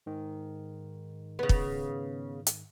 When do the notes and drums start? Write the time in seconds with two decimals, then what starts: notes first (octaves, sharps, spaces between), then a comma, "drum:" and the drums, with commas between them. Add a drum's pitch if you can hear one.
0.06 G#2 D#3
1.39 C#3 B3
1.49 drum: kick
2.47 drum: hi-hat